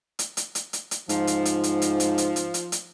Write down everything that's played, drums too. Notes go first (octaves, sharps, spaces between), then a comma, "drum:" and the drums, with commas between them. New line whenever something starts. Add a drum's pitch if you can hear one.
drum: hi-hat
drum: hi-hat
drum: hi-hat
drum: hi-hat
drum: hi-hat
G#2 F3, drum: hi-hat
drum: hi-hat
drum: hi-hat
drum: hi-hat
drum: hi-hat
drum: hi-hat
drum: hi-hat
drum: hi-hat
drum: hi-hat
drum: hi-hat